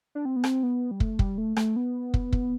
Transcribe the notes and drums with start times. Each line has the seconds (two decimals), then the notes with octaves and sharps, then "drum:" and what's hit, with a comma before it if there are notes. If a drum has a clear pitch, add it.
0.15 D4
0.25 C4
0.36 B3
0.44 C4, drum: rim click
0.63 B3
0.91 G3
1.00 A3, drum: kick
1.19 G3, drum: kick
1.38 A3
1.56 A3, drum: rim click
1.76 B3
2.14 drum: kick
2.32 drum: kick